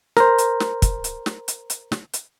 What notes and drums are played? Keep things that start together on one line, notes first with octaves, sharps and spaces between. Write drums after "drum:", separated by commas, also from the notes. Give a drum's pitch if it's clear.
A#4 C5, drum: snare
drum: hi-hat
drum: snare
drum: kick, hi-hat
drum: hi-hat
drum: snare
drum: hi-hat
drum: hi-hat
drum: snare
drum: hi-hat